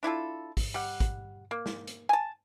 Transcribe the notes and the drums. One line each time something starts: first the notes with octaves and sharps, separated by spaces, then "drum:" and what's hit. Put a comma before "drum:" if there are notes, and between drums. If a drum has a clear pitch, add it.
D4 E4 F4 A4
drum: kick, open hi-hat
G3 F#5
drum: kick, hi-hat
A#3
drum: snare
drum: hi-hat
G#5 A5